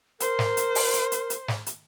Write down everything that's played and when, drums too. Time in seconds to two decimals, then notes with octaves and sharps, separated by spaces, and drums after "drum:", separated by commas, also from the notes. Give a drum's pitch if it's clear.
0.20 A#4 C5, drum: hi-hat
0.39 drum: snare
0.57 drum: hi-hat
0.75 drum: open hi-hat
0.93 drum: hi-hat
1.12 drum: hi-hat
1.30 drum: hi-hat
1.48 drum: snare
1.66 drum: hi-hat